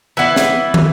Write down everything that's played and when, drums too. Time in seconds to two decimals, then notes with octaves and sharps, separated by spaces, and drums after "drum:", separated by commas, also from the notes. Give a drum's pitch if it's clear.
0.17 E3 B3 E4
0.36 drum: snare
0.74 drum: tom